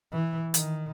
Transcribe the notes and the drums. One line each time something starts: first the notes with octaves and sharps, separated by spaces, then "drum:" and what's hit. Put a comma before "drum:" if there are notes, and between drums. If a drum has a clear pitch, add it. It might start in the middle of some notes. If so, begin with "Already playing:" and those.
E3
D#3, drum: hi-hat